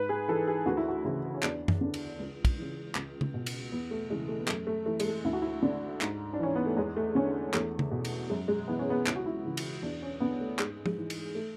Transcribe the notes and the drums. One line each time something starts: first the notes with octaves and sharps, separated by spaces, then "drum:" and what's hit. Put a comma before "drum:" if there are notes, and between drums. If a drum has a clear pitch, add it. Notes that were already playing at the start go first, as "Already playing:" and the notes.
Already playing: G#2 B4
G#4
E3 A4
G#4
D2 F#4
E4
F#4
C#3 E3 E4
C#4
E2 D4, drum: clap
drum: tom F#2
D3
drum: cymbal
C#2
drum: kick, cymbal
C#3 E3
C#2, drum: clap
drum: tom
B2
drum: cymbal
E2 B3
A3
C#3 E3 G#3
A3
B3
F#2 A3, drum: clap
A3
E3 A3
G#3, drum: cymbal
A3
D2 E4
F#4
E4
D3 D4
G#2, drum: clap
D4
E3 C#4
B3
A3
E2 G#3
A3
D3 C#4
E2 A3, drum: clap
drum: tom
B2
drum: cymbal
F#2 G#3
G#3
E3 B3
C#4
B3
C#2 E4, drum: clap
F#4
E4
C#3 E3
drum: cymbal
E2 D4
C#4
D3 B3
A3
G#2 G#3, drum: clap
G#3, drum: tom
E3
drum: cymbal
A3